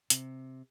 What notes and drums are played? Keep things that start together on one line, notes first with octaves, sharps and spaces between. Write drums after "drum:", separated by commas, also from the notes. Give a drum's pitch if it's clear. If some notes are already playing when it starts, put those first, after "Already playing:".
C3, drum: hi-hat